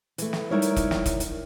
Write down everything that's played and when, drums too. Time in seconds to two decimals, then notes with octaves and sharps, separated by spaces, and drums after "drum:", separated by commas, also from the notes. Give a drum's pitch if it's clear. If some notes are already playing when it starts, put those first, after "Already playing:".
0.18 E3 A3, drum: hi-hat
0.33 drum: snare
0.51 G3 D#4 E4 A#4 C#5
0.62 drum: hi-hat
0.76 drum: kick F1, hi-hat
0.91 drum: snare
1.06 drum: kick F1, hi-hat
1.20 drum: hi-hat